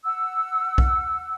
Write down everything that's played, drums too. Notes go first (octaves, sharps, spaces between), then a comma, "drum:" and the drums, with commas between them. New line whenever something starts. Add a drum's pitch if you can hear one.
F#5 E6
drum: kick B1